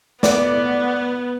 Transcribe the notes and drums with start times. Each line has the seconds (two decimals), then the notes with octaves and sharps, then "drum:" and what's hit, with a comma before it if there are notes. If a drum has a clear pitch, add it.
0.23 B3 D5 F#5, drum: snare